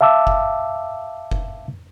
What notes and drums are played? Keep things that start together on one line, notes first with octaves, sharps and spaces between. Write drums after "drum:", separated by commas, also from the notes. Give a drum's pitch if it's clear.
E5 F5 A5 D6 E6
drum: kick F1
drum: kick F1